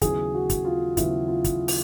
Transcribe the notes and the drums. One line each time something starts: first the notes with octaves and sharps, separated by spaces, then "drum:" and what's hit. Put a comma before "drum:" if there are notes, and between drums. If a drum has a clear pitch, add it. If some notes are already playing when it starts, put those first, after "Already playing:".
D#2 C#3 F#3 B3 E4 G#4, drum: kick, hi-hat
F#4
drum: kick, hi-hat
F4
D#2 C#3 F#3 B3 E4, drum: kick, hi-hat
F4
drum: kick, hi-hat
drum: open hi-hat